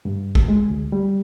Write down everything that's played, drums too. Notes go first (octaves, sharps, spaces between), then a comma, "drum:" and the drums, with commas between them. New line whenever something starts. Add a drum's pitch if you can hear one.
G2
drum: kick
G#3
D2
G3